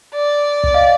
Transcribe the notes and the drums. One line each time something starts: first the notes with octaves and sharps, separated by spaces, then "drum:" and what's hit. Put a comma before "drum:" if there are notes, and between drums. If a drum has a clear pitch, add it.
D5
drum: kick
D#5 F5